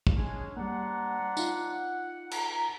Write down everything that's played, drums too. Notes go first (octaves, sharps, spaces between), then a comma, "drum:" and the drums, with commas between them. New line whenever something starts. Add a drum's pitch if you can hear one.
drum: kick
G#3 C#4 D4 G#4
G3 A#3 C4 D4 F#5 A#5
D#4 F4, drum: tambourine
A#5, drum: cymbal